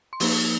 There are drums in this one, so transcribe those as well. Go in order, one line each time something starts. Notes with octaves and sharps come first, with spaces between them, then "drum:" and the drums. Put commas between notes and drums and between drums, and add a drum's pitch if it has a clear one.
C6
F3 A#3 D#4 C#6, drum: open hi-hat